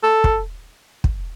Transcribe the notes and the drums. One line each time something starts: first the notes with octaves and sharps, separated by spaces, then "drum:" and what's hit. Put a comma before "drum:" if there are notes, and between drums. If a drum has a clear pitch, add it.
A4
drum: kick
drum: kick